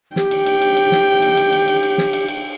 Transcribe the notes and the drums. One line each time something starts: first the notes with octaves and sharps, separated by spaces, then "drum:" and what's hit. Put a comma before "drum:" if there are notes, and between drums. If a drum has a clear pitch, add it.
G4 G5, drum: snare
drum: cymbal
drum: cymbal
drum: cymbal
drum: cymbal
drum: snare
drum: cymbal
drum: cymbal
drum: cymbal
drum: cymbal
drum: cymbal
drum: snare
drum: cymbal
drum: cymbal